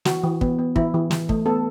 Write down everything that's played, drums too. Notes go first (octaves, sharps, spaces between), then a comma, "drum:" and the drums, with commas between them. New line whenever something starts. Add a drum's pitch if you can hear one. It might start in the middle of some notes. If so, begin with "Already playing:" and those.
E3 F#4, drum: snare
E3
B3, drum: kick
B3
E3 E4, drum: kick
E3
E3, drum: snare
A3, drum: kick
B3 A4